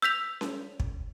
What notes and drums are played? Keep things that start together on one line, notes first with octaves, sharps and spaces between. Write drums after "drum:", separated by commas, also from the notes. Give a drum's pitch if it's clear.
E6 G6 B6 F7
drum: snare C#4
drum: kick